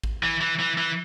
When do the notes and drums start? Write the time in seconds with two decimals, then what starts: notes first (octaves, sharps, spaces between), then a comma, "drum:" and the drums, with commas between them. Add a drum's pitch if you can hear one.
0.03 drum: kick A1
0.23 E3
0.41 E3
0.59 E3
0.78 E3